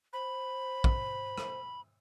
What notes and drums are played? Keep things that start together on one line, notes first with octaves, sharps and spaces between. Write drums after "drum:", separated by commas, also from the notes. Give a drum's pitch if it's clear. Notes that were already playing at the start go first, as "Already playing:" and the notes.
C5 B5
drum: kick
drum: rim click